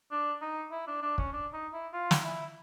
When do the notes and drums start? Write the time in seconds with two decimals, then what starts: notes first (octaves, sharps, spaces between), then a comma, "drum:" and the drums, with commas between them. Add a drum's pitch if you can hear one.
0.11 D4
0.42 D#4
0.72 E4
0.88 D4
1.02 D4
1.18 C#4, drum: kick
1.33 D4
1.53 D#4
1.73 E4
1.93 F4
2.11 drum: snare
2.24 E4